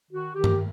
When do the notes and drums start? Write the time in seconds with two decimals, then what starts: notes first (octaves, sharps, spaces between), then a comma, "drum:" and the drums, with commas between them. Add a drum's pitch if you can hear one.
0.11 D#3 F#4
0.35 D#3 G4
0.44 drum: tom G2